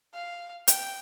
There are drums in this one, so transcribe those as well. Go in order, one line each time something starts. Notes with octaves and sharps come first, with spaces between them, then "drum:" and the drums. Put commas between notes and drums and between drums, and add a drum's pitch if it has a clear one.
F5
G5, drum: hi-hat